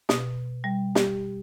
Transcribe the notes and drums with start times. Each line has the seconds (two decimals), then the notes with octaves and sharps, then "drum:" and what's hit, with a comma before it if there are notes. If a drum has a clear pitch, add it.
0.09 B2, drum: snare
0.64 G3
0.95 G4, drum: snare